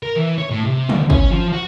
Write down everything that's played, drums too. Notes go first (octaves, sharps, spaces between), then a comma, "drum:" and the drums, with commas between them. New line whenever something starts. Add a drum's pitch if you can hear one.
A#4
E3
C#5
A2
C3
D2, drum: tom
C#4, drum: kick
F3
F#4